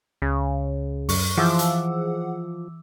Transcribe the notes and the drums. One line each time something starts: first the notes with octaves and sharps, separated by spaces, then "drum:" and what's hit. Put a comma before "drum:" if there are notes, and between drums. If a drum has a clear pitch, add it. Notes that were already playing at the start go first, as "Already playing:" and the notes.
C#2 C#3
F#2 C#6, drum: open hi-hat
E3 F3 G#4 F#5 D6 E6
drum: hi-hat